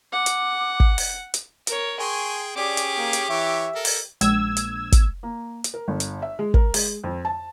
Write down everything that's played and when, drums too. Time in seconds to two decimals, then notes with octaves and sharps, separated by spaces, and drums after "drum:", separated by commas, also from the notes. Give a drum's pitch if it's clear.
0.12 F#5 D6
0.26 drum: hi-hat
0.80 drum: kick
0.98 drum: open hi-hat
1.34 drum: hi-hat
1.67 A#4 C#5, drum: hi-hat
2.00 G#4 G5 G#5 C6 C#6
2.56 C#4 G4 G#4 D5 D6
2.77 drum: hi-hat
2.98 A#3
3.13 drum: hi-hat
3.30 E3 C#5 E5
3.75 A4 A#4
3.85 drum: open hi-hat
4.21 A#1 G#3 E6 G#6, drum: hi-hat
4.57 drum: hi-hat
4.92 drum: kick, hi-hat
5.23 A#3
5.64 drum: hi-hat
5.74 A#4
5.88 G1
6.00 drum: hi-hat
6.22 E5
6.39 G#3
6.54 A#4, drum: kick
6.74 G#3, drum: open hi-hat
7.04 F2
7.25 A5